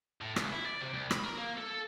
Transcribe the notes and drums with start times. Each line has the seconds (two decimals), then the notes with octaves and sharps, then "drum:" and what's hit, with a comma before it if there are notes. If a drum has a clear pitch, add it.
0.21 A2
0.36 C#2, drum: rim click
0.53 E4
0.66 D5
0.81 C3
0.93 C2
1.11 B5, drum: rim click
1.24 A#4
1.38 A#3
1.58 A4
1.70 A4